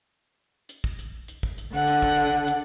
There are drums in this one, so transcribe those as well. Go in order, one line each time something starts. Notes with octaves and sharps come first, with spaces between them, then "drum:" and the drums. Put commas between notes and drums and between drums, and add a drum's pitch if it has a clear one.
drum: hi-hat
drum: kick
drum: hi-hat
drum: hi-hat
drum: kick
drum: hi-hat
D3 F#5
drum: hi-hat
drum: kick
drum: hi-hat